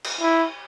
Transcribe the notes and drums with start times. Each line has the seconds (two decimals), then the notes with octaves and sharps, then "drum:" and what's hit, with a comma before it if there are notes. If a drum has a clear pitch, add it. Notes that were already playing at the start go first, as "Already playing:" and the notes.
0.04 drum: cymbal
0.21 E4